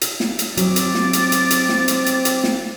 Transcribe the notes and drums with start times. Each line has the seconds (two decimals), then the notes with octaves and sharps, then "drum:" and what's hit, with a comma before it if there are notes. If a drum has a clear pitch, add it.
0.01 drum: hi-hat
0.20 drum: snare
0.39 drum: hi-hat
0.57 F#3 C4 D6 A6, drum: hi-hat
0.76 drum: hi-hat
0.95 drum: snare
1.13 drum: hi-hat
1.32 drum: hi-hat
1.50 drum: hi-hat
1.69 drum: snare
1.88 drum: hi-hat
2.06 drum: hi-hat
2.25 drum: hi-hat
2.44 drum: snare